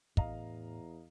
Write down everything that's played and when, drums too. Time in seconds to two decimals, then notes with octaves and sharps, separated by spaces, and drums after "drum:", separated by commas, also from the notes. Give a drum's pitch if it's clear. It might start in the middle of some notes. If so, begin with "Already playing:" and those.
0.17 E2 A2 D#5 F5 A#5, drum: kick